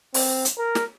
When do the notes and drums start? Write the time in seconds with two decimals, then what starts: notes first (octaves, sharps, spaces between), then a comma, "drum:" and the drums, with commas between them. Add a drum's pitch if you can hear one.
0.14 C4, drum: open hi-hat
0.45 drum: hi-hat
0.58 A#4
0.75 drum: snare